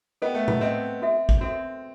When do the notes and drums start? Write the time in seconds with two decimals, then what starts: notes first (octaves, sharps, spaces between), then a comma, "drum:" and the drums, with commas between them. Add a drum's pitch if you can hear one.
0.22 B3 A4 D#5 G5
0.35 A3
0.48 B3, drum: tom A2
0.61 C4 A4 D#5 G5
1.02 F#4 A4 E5
1.29 drum: kick
1.41 C4 F#4 A4 E5